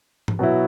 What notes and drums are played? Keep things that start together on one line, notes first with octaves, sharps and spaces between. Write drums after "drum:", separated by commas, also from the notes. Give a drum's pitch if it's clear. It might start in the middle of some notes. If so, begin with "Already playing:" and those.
drum: tom G#2
B2 F#3 B3 E4